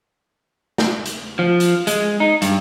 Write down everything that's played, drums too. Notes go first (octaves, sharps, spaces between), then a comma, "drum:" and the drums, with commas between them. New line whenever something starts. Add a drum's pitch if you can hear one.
drum: snare
drum: hi-hat
F3
drum: hi-hat
G#3, drum: hi-hat
D#4
G2, drum: hi-hat